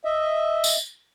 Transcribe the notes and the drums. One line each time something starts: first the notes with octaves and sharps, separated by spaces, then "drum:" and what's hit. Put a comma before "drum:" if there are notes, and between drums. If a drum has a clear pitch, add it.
D#5 E5
drum: tambourine